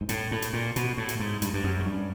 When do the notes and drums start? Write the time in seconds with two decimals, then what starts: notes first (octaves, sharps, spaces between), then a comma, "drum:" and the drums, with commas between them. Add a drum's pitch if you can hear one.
0.01 G#2
0.09 A2, drum: hi-hat
0.31 A2
0.42 drum: hi-hat
0.53 A#2
0.76 B2, drum: hi-hat
0.98 A2
1.09 drum: hi-hat
1.20 G#2
1.42 G2, drum: hi-hat
1.53 G2
1.64 F#2
1.79 G#2
1.86 G2